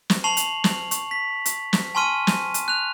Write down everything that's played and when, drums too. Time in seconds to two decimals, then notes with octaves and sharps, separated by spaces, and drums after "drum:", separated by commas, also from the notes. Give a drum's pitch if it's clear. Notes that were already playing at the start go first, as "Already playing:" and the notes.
0.10 drum: snare
0.24 A5 C#6 C7 F7 F#7
0.37 drum: hi-hat
0.64 drum: snare
0.91 C#6, drum: hi-hat
1.11 B6
1.46 drum: hi-hat
1.73 drum: snare
1.95 G#5 A5 C6 C#6 F6 D#7
2.27 drum: snare
2.54 drum: hi-hat
2.68 F#6 F7